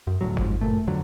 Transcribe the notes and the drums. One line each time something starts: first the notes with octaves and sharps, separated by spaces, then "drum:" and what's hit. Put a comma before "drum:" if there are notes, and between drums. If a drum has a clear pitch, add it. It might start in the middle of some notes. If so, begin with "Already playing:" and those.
F#2
E1 D2 A2 F#3
F2 G#2, drum: kick G1
F#1 A#2 A3
F2 D3 F#3